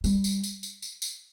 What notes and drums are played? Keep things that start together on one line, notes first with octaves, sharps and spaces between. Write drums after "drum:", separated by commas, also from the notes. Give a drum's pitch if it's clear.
G3, drum: tambourine
drum: tambourine
drum: tambourine
drum: tambourine
drum: tambourine
drum: tambourine